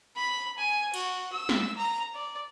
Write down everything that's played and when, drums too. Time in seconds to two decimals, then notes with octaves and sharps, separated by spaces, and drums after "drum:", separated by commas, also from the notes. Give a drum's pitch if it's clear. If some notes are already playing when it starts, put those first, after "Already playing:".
0.16 B5
0.58 G#5
0.94 F#4, drum: cymbal
1.32 E6
1.49 drum: snare
1.77 A#5
2.14 D5